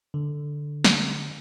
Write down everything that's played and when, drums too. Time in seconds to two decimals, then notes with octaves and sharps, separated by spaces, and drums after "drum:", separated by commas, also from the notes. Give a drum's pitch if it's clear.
0.14 D3
0.84 drum: snare